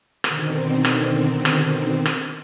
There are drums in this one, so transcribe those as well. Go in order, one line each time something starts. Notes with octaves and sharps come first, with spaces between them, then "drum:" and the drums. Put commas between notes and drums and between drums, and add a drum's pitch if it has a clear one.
B2 D3 D#3 C4, drum: rim click
drum: rim click
drum: rim click
drum: rim click